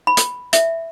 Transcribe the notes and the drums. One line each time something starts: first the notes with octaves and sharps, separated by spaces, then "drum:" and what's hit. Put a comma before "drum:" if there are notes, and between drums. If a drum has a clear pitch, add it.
B5
drum: hi-hat
E5, drum: hi-hat